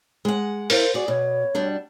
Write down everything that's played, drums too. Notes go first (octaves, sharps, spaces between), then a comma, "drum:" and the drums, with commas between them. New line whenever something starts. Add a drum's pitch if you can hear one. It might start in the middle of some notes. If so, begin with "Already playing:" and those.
G#3 F#5
E4 A#4 C5 F5, drum: open hi-hat
F#4 G#4 D5
B2 C#5
B2 G3 D4